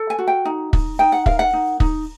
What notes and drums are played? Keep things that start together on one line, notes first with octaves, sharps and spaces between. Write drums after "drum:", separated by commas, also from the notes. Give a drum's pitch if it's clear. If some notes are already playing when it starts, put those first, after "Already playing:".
Already playing: A4
G#5
F#4
G5
D#4
D#4, drum: kick
D#4 G5
F#5
A#4 F5, drum: kick
F#5
D#4
D#4, drum: kick